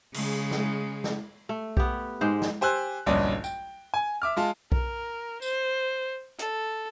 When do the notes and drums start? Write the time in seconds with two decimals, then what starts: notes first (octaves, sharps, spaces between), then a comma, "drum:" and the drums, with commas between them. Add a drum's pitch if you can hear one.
0.14 C#3 G#3, drum: cymbal
0.51 drum: snare
1.04 drum: snare
1.49 A3
1.77 B3 G4, drum: kick B1
2.21 G#2 G#3 G4 C5
2.42 drum: snare
2.61 G4 C5 G#5 E6 F#6
3.06 D1 A#1 G2 C#4 D5 D#5
3.44 G5, drum: tambourine
3.94 G#5
4.22 E5 D6 F6
4.37 G#3 F4 A5
4.72 A#4, drum: kick B1
5.42 C5, drum: tambourine
6.39 A4, drum: hi-hat